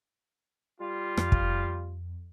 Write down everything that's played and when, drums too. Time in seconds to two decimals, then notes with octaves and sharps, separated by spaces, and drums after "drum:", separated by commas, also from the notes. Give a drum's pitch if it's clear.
0.80 G3 F4
1.17 F2, drum: rim click
1.32 drum: kick